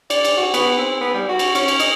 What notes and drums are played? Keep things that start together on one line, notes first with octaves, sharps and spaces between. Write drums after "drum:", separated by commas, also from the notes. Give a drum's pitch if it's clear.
D5, drum: cymbal
drum: cymbal
F#4
B3, drum: cymbal
C4
B3
G3
F#4
drum: cymbal
C#4, drum: cymbal
drum: cymbal
D#5, drum: cymbal